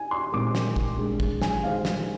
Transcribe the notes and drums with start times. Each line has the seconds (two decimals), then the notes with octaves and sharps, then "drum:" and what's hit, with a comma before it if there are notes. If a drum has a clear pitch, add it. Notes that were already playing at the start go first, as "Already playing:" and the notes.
Already playing: G#5
0.11 C6
0.32 A#2 G#3 C4 D#4 A#4 D6
0.55 drum: snare
0.76 drum: kick
0.99 G#3 D4 G#4
1.20 drum: kick
1.42 G#5, drum: snare
1.64 D#3 G#3 D#4 G#4 C5 F5
1.85 drum: snare